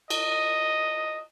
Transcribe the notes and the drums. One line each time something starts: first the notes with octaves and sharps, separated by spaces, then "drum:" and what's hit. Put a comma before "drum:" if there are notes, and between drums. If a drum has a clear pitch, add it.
D#5, drum: cymbal